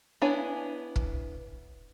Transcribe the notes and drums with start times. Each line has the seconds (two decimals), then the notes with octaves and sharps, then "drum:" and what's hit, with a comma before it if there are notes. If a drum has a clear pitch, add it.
0.22 B3 D4 E4 C#5 G#5
0.96 drum: kick